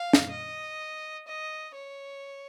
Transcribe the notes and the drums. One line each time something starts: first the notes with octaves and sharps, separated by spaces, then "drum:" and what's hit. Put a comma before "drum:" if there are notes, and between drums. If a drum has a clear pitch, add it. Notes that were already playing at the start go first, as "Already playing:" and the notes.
Already playing: F5
drum: snare
D#5
D#5
C#5